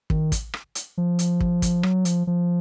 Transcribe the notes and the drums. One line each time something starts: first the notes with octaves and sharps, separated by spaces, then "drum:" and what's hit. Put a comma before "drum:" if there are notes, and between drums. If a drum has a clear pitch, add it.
D#3, drum: kick
drum: kick, hi-hat
drum: rim click
drum: hi-hat
F3
drum: hi-hat
drum: kick
drum: kick, hi-hat
F#3, drum: rim click
F3, drum: hi-hat
F3